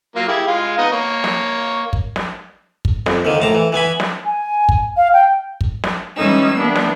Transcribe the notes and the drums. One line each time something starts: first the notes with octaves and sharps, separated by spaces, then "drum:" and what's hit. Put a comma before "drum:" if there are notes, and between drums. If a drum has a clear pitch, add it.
F#3 A#3 F4
E4 G4 G#4
G#3 F4
B3 D#4 D#5
A#3 C#5
drum: snare
drum: kick
drum: snare
drum: kick
F2, drum: snare
D#2 D3 D#3
A#1 A2 A5 A#5
E3
E3 B3 G#5 B5
drum: snare
G#5
drum: kick
F5
G5
drum: kick
drum: snare
E3 G3 G#3 C#4 D#4 E6
E3 A#3 B3 D4
drum: snare